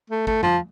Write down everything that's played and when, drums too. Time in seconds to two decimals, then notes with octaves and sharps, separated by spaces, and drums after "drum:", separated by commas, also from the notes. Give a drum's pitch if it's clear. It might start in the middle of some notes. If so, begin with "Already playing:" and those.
0.10 A3
0.27 A3, drum: kick
0.43 F3, drum: tom F2